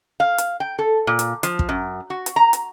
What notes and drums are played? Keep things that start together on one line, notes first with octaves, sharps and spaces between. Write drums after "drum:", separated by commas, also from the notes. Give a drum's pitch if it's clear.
F5
drum: hi-hat
G5
A4
A#2
drum: hi-hat
F3, drum: hi-hat
drum: kick
F#2
F#4
drum: hi-hat
A#5
drum: hi-hat